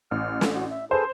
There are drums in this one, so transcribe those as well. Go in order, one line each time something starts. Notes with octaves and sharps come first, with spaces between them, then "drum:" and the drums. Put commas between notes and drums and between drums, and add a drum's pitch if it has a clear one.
A1 F6
drum: snare
F#4
E5
G#4 A4 B4 C5